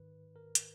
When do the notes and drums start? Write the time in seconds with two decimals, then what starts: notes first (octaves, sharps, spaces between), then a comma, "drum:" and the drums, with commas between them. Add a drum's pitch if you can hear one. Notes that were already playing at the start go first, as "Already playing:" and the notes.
Already playing: G#2 D#3 B4
0.36 A#4
0.55 drum: hi-hat